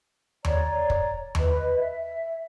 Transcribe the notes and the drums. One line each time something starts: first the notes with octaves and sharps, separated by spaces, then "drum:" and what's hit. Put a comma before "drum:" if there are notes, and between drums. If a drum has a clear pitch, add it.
C#5 D5 A#5, drum: tom D#2
drum: kick
B4 D#5, drum: tom D#2
E5